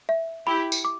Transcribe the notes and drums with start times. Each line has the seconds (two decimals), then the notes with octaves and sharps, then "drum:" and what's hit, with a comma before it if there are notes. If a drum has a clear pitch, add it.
0.09 E5
0.46 E4 G4 B5
0.72 drum: tambourine
0.85 D6